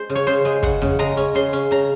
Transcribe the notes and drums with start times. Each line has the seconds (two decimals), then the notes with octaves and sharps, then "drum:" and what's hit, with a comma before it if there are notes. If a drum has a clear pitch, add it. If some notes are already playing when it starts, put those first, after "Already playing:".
Already playing: G#3 C5
0.10 C#3
0.15 C#5
0.27 C#3 C5
0.45 G#3
0.63 C#3 F#5, drum: kick
0.82 C#3, drum: tom E2
0.99 G#3 A#5
1.17 C#4
1.35 C#3 C6
1.53 C#4
1.71 C#3 A#5